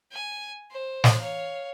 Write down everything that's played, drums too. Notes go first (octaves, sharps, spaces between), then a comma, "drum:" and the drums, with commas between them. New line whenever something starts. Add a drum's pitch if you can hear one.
G#5
C5
drum: snare
C#5 F5